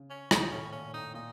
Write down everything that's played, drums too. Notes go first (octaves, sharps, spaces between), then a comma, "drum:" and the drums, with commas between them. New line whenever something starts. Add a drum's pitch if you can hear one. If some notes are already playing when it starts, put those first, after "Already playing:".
Already playing: C#3
C#4
D#3 D#4, drum: rim click
A2 C#4
A#2 C#4
A2 D#4
A#2 D#4